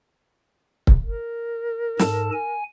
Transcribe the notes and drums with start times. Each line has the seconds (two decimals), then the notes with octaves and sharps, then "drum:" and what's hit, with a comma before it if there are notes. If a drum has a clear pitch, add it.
0.87 drum: kick C#1
1.04 A#4
1.99 G#2 A4 A5, drum: snare
2.33 G#5